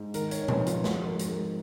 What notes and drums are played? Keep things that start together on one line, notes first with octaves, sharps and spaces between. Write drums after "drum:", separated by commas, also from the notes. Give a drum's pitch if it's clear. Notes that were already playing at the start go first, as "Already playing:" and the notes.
Already playing: G#2
D#3 A#4, drum: hi-hat
C#5, drum: hi-hat
C#5
F2 B4, drum: tom A#2
F4, drum: hi-hat
G#2 F#4, drum: snare
A#4
G#2, drum: hi-hat
A#4